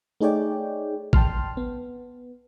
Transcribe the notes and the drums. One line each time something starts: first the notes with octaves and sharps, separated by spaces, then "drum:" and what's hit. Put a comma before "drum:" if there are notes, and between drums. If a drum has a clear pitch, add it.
A3 D#4 G#4 C#5 D5 G5
G5 A5 C6 F6, drum: kick A1
B3